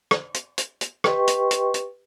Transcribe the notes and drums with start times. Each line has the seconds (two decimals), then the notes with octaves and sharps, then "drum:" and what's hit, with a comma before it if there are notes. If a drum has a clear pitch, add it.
0.11 drum: rim click
0.34 drum: hi-hat
0.58 drum: hi-hat
0.81 drum: hi-hat
1.04 G4 B4 D#5 G5 C6 C#6, drum: rim click
1.27 drum: hi-hat
1.51 drum: hi-hat
1.74 drum: hi-hat